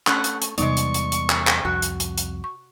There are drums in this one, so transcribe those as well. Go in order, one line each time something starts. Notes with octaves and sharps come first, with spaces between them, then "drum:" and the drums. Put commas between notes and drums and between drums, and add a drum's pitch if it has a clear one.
A3 C#4 F#5, drum: clap
drum: hi-hat
drum: hi-hat
E2 C3 G3 G#3 B3 D#4 D5 C#6, drum: hi-hat
drum: hi-hat
drum: hi-hat
drum: hi-hat
drum: clap
drum: clap
C2 F2 F#4
drum: hi-hat
drum: hi-hat
drum: hi-hat
C#6